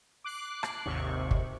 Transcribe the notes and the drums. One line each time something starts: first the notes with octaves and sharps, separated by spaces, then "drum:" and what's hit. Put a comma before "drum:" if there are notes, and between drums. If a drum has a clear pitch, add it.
D6 F#6 C7
drum: rim click
G#1 D#2 C3 C#6
drum: kick